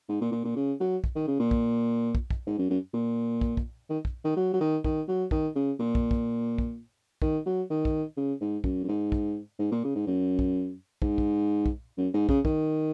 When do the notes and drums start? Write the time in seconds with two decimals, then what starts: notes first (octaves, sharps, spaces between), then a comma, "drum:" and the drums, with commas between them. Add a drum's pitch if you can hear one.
0.09 G#2
0.21 A#2
0.32 A#2
0.44 A#2
0.56 C#3
0.80 F#3
1.04 drum: kick
1.15 D#3
1.27 C#3
1.39 A#2
1.51 drum: kick
2.15 drum: kick
2.30 drum: kick
2.47 G#2
2.58 F#2
2.70 F#2
2.93 A#2
3.41 drum: kick
3.57 drum: kick
3.90 D#3
4.05 drum: kick
4.24 D#3
4.36 F#3
4.53 F#3
4.60 D#3
4.84 D#3, drum: kick
5.08 F#3
5.31 D#3, drum: kick
5.55 C#3
5.79 A#2
5.95 drum: kick
6.11 drum: kick
6.58 drum: kick
7.22 D#3, drum: kick
7.46 F#3
7.70 D#3
7.85 drum: kick
8.17 C#3
8.41 G#2
8.64 F#2, drum: kick
8.84 F#2
8.88 G#2
9.12 drum: kick
9.59 G#2
9.71 A#2
9.84 C#3
9.96 G#2
10.07 F#2
10.39 drum: kick
11.02 G#2, drum: kick
11.18 drum: kick
11.66 drum: kick
11.97 F#2
12.14 G#2
12.29 C#3, drum: kick
12.45 D#3, drum: kick